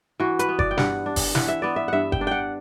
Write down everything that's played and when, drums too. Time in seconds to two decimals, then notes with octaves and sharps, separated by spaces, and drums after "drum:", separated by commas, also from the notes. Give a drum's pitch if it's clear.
0.20 E3 F#4
0.39 B4, drum: hi-hat
0.49 B3
0.59 D5, drum: kick F#1
0.71 G5
0.78 G2 F#5, drum: snare
1.06 D4
1.16 drum: kick F#1, open hi-hat
1.35 E3 F#5, drum: snare
1.48 E5
1.62 B3 D5
1.76 E5
1.88 G2 E5 F#5
2.12 G5, drum: kick F#1
2.21 D4
2.27 F#5 G5